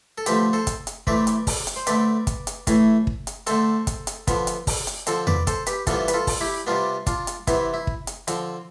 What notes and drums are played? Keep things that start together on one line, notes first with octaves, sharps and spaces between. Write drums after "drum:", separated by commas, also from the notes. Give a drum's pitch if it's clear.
A4
D3 F3 A3 C4 G4 B4, drum: hi-hat
A4 C5
drum: kick, hi-hat
drum: hi-hat
E3 A3 C4 B4 D5, drum: kick
drum: hi-hat
drum: kick, open hi-hat
drum: hi-hat
C5
D3 A3 C4 B4 D5, drum: hi-hat
drum: kick, hi-hat
drum: hi-hat
A2 E3 A3, drum: kick, hi-hat
drum: kick
drum: hi-hat
D3 A3 C4 A4 C5, drum: hi-hat
drum: kick, hi-hat
drum: hi-hat
D3 F3 B3, drum: kick, hi-hat
drum: hi-hat
drum: kick, open hi-hat
drum: hi-hat
D3 F3 C4 A4 C5, drum: hi-hat
B4 D5, drum: tom E2
A4 C5, drum: kick, hi-hat
G4 B4, drum: hi-hat
C3 E3 G3 B3 F4 A4, drum: kick, hi-hat
B4, drum: hi-hat
F4 A4
drum: kick, open hi-hat
E4 G4
C3 G3 B3 D4 F4
D4 F4, drum: kick, hi-hat
drum: hi-hat
C3 E3 B3 E4, drum: kick, hi-hat
E4
drum: kick
drum: hi-hat
D3 F3 C4, drum: hi-hat